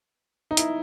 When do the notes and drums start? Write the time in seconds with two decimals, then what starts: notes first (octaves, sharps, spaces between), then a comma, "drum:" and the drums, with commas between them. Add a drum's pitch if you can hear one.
0.51 D#4
0.57 E4, drum: hi-hat